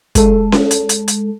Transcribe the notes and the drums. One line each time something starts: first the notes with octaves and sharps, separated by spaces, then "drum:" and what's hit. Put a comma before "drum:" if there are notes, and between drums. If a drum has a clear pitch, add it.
G#3 A4, drum: kick, hi-hat
drum: snare C#4
drum: hi-hat
drum: hi-hat
drum: hi-hat